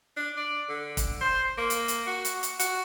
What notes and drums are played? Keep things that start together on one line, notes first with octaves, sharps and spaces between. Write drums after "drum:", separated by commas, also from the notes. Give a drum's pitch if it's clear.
D4
D5
D3
drum: kick, hi-hat
C5
A#3
drum: hi-hat
drum: hi-hat
F#4
drum: hi-hat
drum: hi-hat
F#4, drum: hi-hat